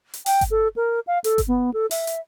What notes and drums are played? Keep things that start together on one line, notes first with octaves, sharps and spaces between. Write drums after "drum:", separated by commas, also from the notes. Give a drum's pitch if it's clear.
drum: hi-hat
G5, drum: open hi-hat
drum: kick G1, hi-hat
A4
A#4
F5
A4, drum: hi-hat
drum: kick G1, hi-hat
B3
A4
E5, drum: open hi-hat
drum: hi-hat